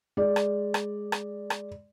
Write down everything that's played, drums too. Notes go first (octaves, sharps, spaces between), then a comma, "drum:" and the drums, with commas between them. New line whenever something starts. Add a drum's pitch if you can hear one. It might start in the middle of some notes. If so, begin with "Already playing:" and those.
G#3 D5
drum: rim click
drum: rim click
drum: rim click
drum: rim click